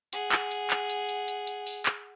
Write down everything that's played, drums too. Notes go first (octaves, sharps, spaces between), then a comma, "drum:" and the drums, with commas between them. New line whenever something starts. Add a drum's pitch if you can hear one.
G#4 F#5, drum: hi-hat
drum: clap
drum: hi-hat
drum: clap
drum: hi-hat
drum: hi-hat
drum: hi-hat
drum: hi-hat
drum: open hi-hat
drum: clap